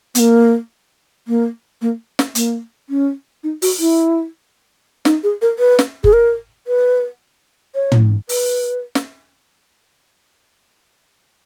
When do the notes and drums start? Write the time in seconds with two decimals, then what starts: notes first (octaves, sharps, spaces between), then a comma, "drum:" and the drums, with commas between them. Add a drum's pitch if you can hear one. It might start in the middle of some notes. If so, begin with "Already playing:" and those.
0.15 B3, drum: hi-hat
0.20 A#3
1.28 A#3
1.82 A#3
2.19 drum: snare
2.35 A#3, drum: hi-hat
2.90 C#4
3.44 D#4
3.62 F#4, drum: open hi-hat
3.79 E4
5.05 D#4, drum: snare
5.23 G#4
5.42 A#4
5.59 B4
5.79 drum: snare
6.04 G#4, drum: kick F#1
6.13 A#4
6.67 B4
7.75 C#5
7.92 drum: tom
8.29 B4, drum: open hi-hat
8.95 drum: snare